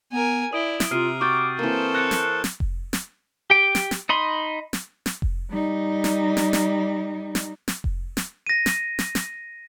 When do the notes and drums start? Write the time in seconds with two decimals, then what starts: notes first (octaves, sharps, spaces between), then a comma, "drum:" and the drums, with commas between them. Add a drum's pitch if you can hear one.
0.12 B3 A#4 G#5
0.53 E4 D5 D#6 D7 G7
0.80 drum: snare
0.91 C3 F4 A#5 F6 C7 D#7
1.21 F#4 G5 C#6 D6 G6 A6
1.59 E3 A#3 C4 A4 C5
1.95 A#5 D6 F#6 C#7
2.11 drum: snare
2.44 drum: snare
2.60 drum: kick F1
2.93 drum: snare
3.50 G4 G5
3.75 drum: snare
3.91 drum: snare
4.09 D#4 D#5 B5 C6
4.73 drum: snare
5.06 drum: snare
5.22 drum: kick F1
5.50 G3 D#4
6.04 drum: snare
6.37 drum: snare
6.53 drum: snare
7.35 drum: snare
7.68 drum: snare
7.84 drum: kick F1
8.17 drum: snare
8.47 A#6 D#7
8.66 drum: snare
8.99 drum: snare
9.15 drum: snare